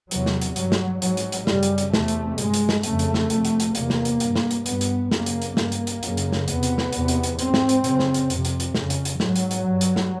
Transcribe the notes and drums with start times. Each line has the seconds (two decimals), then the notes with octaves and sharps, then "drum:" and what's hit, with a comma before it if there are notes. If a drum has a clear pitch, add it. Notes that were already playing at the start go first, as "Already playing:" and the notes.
0.11 E2 C3 F#3, drum: hi-hat
0.26 drum: snare
0.41 drum: hi-hat
0.56 G2 F#3, drum: hi-hat
0.72 drum: snare
1.02 G#2 F#3, drum: hi-hat
1.17 drum: hi-hat
1.32 drum: hi-hat
1.47 F#2 C#3 G3, drum: snare
1.63 drum: hi-hat
1.78 drum: hi-hat
1.94 E2 C3 A3, drum: snare
2.08 drum: hi-hat
2.38 G2 G#3, drum: hi-hat
2.54 drum: hi-hat
2.69 drum: snare
2.83 F2 C#3 A3, drum: hi-hat
2.99 drum: hi-hat
3.14 drum: snare
3.30 F2 C3, drum: hi-hat
3.45 drum: hi-hat
3.60 drum: hi-hat
3.75 E2 C3 A#3, drum: hi-hat
3.90 drum: snare
4.05 drum: hi-hat
4.20 G2, drum: hi-hat
4.35 drum: snare
4.51 drum: hi-hat
4.66 G2 B3, drum: hi-hat
4.81 drum: hi-hat
5.11 F#2 C#3 A#3, drum: snare
5.26 drum: hi-hat
5.42 drum: hi-hat
5.57 G2 A#3, drum: snare
5.72 drum: hi-hat
5.87 drum: hi-hat
6.03 F#2 C#3, drum: hi-hat
6.17 drum: hi-hat
6.32 drum: snare
6.48 E2 C3 B3, drum: hi-hat
6.63 drum: hi-hat
6.78 drum: snare
6.93 E2 C3, drum: hi-hat
7.08 drum: hi-hat
7.23 drum: hi-hat
7.39 G#2 C4, drum: hi-hat
7.54 drum: snare
7.69 drum: hi-hat
7.84 F#2 C#3, drum: hi-hat
7.99 drum: snare
8.14 drum: hi-hat
8.30 F2 C3, drum: hi-hat
8.45 drum: hi-hat
8.60 drum: hi-hat
8.75 F2 C#3, drum: snare
8.90 drum: hi-hat
9.05 drum: hi-hat
9.20 G#2 F#3, drum: snare
9.36 drum: hi-hat
9.51 drum: hi-hat
9.65 G2
9.81 drum: hi-hat
9.96 drum: snare